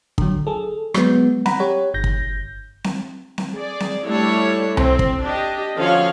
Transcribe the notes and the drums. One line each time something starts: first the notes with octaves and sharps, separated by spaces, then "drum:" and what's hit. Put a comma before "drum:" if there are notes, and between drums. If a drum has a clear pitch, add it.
D3 F#3, drum: kick
G#4 A4
F#3 G#3 B3, drum: rim click
F#5 A#5 B5, drum: snare C4
G4 C#5
G1 G6 A#6
drum: kick
drum: snare C4
drum: snare C4
G#4 D5
drum: snare C4
G3 A3 D4 E4 C#5
C4, drum: tom C2
drum: kick
D4 G4 D#5
D3 F3 C#4 F#4 C#5 F5